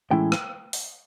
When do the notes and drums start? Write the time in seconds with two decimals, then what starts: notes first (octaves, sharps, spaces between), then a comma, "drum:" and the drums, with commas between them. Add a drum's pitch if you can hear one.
0.11 A2 E3 G#3 C#4 E4 G5
0.32 drum: rim click
0.73 drum: open hi-hat